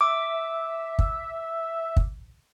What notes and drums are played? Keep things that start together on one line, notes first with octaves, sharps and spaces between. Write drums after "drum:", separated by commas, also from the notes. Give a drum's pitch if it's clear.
E5 D6
drum: kick
drum: kick